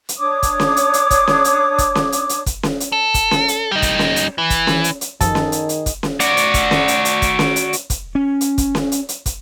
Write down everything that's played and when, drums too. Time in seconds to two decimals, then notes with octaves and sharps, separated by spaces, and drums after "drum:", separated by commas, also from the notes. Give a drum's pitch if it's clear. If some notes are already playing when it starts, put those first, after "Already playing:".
0.09 drum: hi-hat
0.18 D4 C#5 D6 D#6
0.43 drum: kick, hi-hat
0.60 drum: snare C#4
0.77 drum: hi-hat
0.94 drum: hi-hat
1.11 drum: kick, hi-hat
1.27 drum: snare C#4
1.44 drum: hi-hat
1.78 drum: kick, hi-hat
1.95 drum: snare C#4
2.12 drum: hi-hat
2.29 drum: hi-hat
2.46 drum: kick, hi-hat
2.63 drum: snare C#4
2.80 drum: hi-hat
2.92 A4
3.14 drum: kick, hi-hat
3.31 drum: snare C#4
3.48 drum: hi-hat
3.71 G3 D#4
3.82 drum: kick, hi-hat
3.99 drum: snare C#4
4.16 drum: hi-hat
4.38 E3
4.50 drum: kick, hi-hat
4.67 drum: snare C#4
4.84 drum: hi-hat
5.01 drum: hi-hat
5.21 F#2 D#3 F3 G#4 A4 D#5, drum: kick, hi-hat
5.35 drum: snare C#4
5.52 drum: hi-hat
5.69 drum: hi-hat
5.86 drum: kick, hi-hat
6.03 drum: snare C#4
6.20 F#4 D5, drum: hi-hat
6.37 drum: hi-hat
6.54 drum: kick, hi-hat
6.71 drum: snare C#4
6.88 drum: hi-hat
7.05 drum: hi-hat
7.22 drum: kick, hi-hat
7.39 drum: snare C#4
7.56 drum: hi-hat
7.73 drum: hi-hat
7.90 drum: kick, hi-hat
8.15 C#4
8.41 drum: hi-hat
8.58 drum: kick, hi-hat
8.75 drum: snare C#4
8.92 drum: hi-hat
9.09 drum: hi-hat
9.26 drum: kick, hi-hat